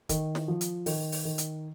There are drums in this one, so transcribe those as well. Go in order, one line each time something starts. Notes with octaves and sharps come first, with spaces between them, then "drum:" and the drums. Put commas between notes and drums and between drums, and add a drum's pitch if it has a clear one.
D#3, drum: kick, hi-hat
drum: snare
F3
drum: hi-hat
D#3, drum: open hi-hat
drum: open hi-hat
D#3
drum: hi-hat